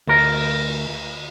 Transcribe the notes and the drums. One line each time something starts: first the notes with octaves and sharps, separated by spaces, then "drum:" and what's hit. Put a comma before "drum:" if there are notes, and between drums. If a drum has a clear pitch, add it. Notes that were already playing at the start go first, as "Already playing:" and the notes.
D2 A#4, drum: cymbal